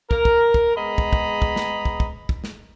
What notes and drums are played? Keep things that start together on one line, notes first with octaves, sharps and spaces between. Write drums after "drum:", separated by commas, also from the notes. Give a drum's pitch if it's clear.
A#4, drum: kick
drum: kick
drum: kick
G#3 B3 G#4 D#5 A#5 B5
drum: kick
drum: kick
drum: kick
drum: snare
drum: kick
drum: kick
drum: kick
drum: snare